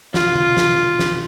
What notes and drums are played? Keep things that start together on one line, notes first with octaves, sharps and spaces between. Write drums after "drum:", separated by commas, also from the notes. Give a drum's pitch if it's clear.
F4, drum: snare
drum: tom D3
drum: snare
drum: snare